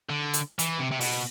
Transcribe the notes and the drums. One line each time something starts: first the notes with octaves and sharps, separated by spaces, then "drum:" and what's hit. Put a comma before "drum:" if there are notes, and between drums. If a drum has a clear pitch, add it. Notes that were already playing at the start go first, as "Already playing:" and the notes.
D3
drum: hi-hat
E3, drum: hi-hat
C3
C3
B2, drum: open hi-hat